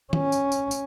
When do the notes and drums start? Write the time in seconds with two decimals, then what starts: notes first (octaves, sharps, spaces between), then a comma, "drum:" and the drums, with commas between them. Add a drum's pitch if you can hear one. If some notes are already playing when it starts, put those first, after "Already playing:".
0.13 C#4, drum: tom D#3
0.32 drum: tambourine
0.52 drum: tambourine
0.71 drum: tambourine